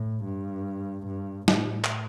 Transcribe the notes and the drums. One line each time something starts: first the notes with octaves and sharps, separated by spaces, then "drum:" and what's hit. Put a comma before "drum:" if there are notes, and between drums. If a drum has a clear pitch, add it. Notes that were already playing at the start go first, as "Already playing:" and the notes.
Already playing: A2
G2
G2
A2, drum: snare
drum: clap